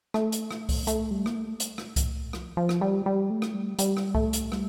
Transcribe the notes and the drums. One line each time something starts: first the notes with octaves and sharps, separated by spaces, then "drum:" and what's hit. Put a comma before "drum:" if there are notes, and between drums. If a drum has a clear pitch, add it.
A3, drum: rim click
drum: hi-hat
drum: rim click
drum: kick C2, open hi-hat
A3, drum: hi-hat
G3
A#3, drum: rim click
A3
drum: hi-hat
drum: rim click
drum: kick C2, hi-hat
F3, drum: rim click
F3
drum: rim click
G3
G3
A3
drum: rim click
G3
G3, drum: hi-hat
drum: rim click
A3, drum: kick C2
drum: hi-hat
G3, drum: rim click